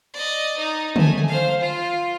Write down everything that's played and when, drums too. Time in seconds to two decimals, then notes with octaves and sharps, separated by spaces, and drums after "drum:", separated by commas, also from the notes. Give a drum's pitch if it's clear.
0.14 D5 D#5
0.58 D#4
0.96 A3 G#5, drum: tom D3
1.28 C5 F5
1.60 F4